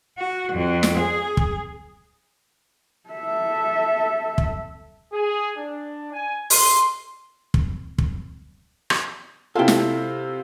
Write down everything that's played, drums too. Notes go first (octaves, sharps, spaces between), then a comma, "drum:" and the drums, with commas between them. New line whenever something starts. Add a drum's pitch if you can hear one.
F#4
F2
drum: snare
G#4
drum: kick
A4 E5
drum: kick
G#4
D4
G#5
C6, drum: open hi-hat
drum: kick
drum: kick
drum: rim click
C3 E4 F4 A4 G5
drum: snare